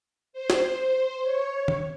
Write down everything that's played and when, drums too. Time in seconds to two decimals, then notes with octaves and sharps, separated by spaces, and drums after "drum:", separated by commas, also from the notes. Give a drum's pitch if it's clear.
0.33 C5
0.50 drum: snare
0.79 C5
1.23 C#5
1.68 drum: tom